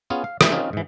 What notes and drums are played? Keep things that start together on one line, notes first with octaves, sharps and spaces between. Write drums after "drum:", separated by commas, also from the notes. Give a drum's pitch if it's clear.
B3 C#4 F4 G#4
F5
E3 G3 A3, drum: rim click
C4 C#4 D#4 F4
G#2 E3